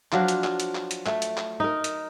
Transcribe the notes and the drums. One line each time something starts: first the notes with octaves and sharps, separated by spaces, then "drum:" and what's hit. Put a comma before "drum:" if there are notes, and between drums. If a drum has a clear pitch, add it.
F3 F#3 D4 F4, drum: clap
drum: hi-hat
drum: clap
drum: hi-hat
drum: clap
drum: hi-hat
A3, drum: clap
drum: hi-hat
drum: clap
D#4 A#4
drum: hi-hat